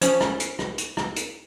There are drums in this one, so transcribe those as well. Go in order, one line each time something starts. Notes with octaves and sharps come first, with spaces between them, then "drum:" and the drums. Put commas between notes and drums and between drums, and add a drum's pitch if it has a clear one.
F3 C#4 C5, drum: hi-hat
drum: rim click
drum: hi-hat
drum: rim click
drum: hi-hat
drum: rim click
drum: hi-hat